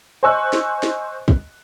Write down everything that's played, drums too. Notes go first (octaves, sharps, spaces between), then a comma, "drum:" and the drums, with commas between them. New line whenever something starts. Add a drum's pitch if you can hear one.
C5 D#5 G#5 C#6 E6 F#6
drum: snare
drum: snare
drum: kick